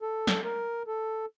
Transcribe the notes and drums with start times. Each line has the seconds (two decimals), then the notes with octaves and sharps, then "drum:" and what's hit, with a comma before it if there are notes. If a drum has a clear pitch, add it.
0.02 A4
0.27 drum: snare
0.44 A#4
0.87 A4